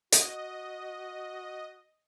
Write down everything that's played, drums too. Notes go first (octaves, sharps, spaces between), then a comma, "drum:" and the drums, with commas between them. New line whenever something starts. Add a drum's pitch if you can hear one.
F#4 D#5, drum: hi-hat